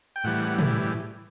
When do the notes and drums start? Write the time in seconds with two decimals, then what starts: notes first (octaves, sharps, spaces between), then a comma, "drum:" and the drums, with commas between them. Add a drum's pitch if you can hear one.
0.16 G5
0.24 A2 E3 G3 F#5
0.59 drum: tom